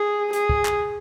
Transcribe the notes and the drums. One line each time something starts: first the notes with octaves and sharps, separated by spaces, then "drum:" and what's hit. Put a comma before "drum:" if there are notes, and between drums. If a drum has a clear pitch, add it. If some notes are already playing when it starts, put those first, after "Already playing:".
Already playing: G#4
G#4, drum: hi-hat
drum: kick
drum: clap